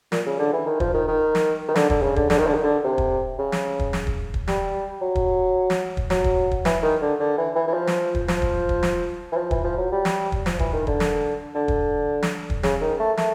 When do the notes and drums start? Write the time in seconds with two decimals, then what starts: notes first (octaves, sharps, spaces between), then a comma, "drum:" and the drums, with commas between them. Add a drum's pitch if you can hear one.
0.12 A#2, drum: snare
0.26 C#3
0.39 D3
0.53 E3
0.66 D#3
0.80 F3, drum: kick
0.94 D#3
1.08 D#3
1.35 drum: snare
1.68 D#3
1.76 D3, drum: snare
1.90 D3, drum: kick
2.02 C#3
2.16 D3, drum: kick
2.30 D3, drum: snare
2.38 D#3
2.47 D3
2.54 D#3
2.63 D3
2.84 C3
2.98 drum: kick
3.39 C#3
3.52 drum: snare
3.79 drum: kick
3.93 drum: snare
4.07 drum: kick
4.34 drum: kick
4.48 G3, drum: snare
5.01 F#3
5.15 drum: kick
5.70 drum: snare
5.97 drum: kick
6.10 F#3, drum: snare
6.24 drum: kick
6.51 drum: kick
6.65 E3, drum: snare
6.83 D#3
7.01 D3
7.20 D3
7.38 E3
7.55 E3
7.68 E3
7.74 F3
7.87 drum: snare
8.15 drum: kick
8.28 F3, drum: snare
8.42 drum: kick
8.69 drum: kick
8.83 drum: snare
9.32 E3
9.37 F3
9.51 E3, drum: kick
9.64 F3
9.78 F#3
9.92 G3
10.05 drum: snare
10.32 drum: kick
10.46 F3, drum: snare
10.59 E3, drum: kick
10.73 D#3
10.87 D3, drum: kick
11.00 drum: snare
11.55 D3
11.68 drum: kick
12.23 drum: snare
12.50 drum: kick
12.63 C#3, drum: snare
12.81 D#3
12.99 A3
13.17 A3, drum: snare